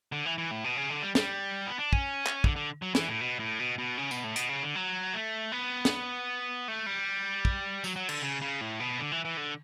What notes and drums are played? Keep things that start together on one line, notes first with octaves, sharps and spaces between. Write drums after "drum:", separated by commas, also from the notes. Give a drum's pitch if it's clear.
D3
E3
E3
A2
B2
C#3
D3
G3
G3, drum: snare
B3
D4
C#4, drum: kick
drum: clap
D3, drum: kick
D3
F#3
E3, drum: snare
A2
B2
A2
B2
B2
C#3
B2, drum: tambourine
A2
B2, drum: hi-hat
C#3
D3
F#3
A3
B3
drum: snare
A3
G3
drum: kick
F#3, drum: tambourine
F#3
D3, drum: cymbal
C#3
C#3
A2
B2
D3
E3
E3
D3